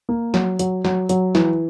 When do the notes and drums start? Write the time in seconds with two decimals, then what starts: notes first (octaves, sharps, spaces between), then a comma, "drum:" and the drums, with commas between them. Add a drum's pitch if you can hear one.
0.09 A#3
0.34 F#3, drum: snare
0.59 F#3, drum: hi-hat
0.85 F#3, drum: snare
1.09 F#3, drum: hi-hat
1.35 E3, drum: snare